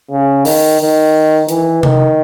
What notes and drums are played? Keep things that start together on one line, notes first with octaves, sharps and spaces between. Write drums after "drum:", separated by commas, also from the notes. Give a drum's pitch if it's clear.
C#3
D#3, drum: open hi-hat
D#3
E3, drum: hi-hat
D#3, drum: tom C3